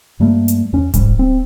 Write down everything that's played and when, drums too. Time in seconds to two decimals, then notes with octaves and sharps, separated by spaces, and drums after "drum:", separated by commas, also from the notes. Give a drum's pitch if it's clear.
0.20 G2 G3 A3 A#3
0.48 drum: hi-hat
0.73 E2 C#4
0.94 G1 G#2 G3, drum: kick D1, hi-hat
1.19 C4